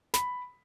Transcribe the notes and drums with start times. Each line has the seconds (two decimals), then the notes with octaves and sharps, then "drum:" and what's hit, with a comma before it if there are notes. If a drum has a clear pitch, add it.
0.14 B5, drum: snare